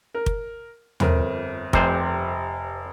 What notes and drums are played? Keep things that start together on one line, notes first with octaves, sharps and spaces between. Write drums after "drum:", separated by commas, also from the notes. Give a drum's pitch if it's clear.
A#4
drum: kick
G1 F2 A#4, drum: tom
F1 C3 C5, drum: kick